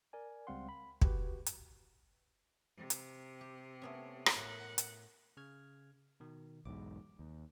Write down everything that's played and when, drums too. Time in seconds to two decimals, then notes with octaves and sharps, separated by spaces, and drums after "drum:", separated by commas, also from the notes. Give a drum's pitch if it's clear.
0.13 A#4 D5 G#5
0.47 C#2 G3 C4 F5 F#5 C6
0.69 B5
1.02 F#4 G4 B4, drum: kick
1.46 drum: hi-hat
2.77 C3
2.90 drum: hi-hat
3.41 G4
3.82 A3 B3 C#4
4.26 drum: rim click
4.36 A2 A#4 F#5
4.78 drum: hi-hat
5.37 C#3 F6 G#6
6.20 B2 D#3
6.65 B1 E2 G#2 D6
7.19 D#2